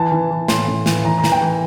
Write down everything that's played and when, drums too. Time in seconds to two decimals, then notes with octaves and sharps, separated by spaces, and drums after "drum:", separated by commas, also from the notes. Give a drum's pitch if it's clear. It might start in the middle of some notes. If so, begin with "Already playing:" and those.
Already playing: E3 A5
0.12 E3
0.31 E3
0.48 A2 C6, drum: snare
0.68 A2
0.86 E3, drum: snare
1.05 E3 A#5
1.18 A#5
1.24 E3, drum: snare
1.32 G5
1.41 E3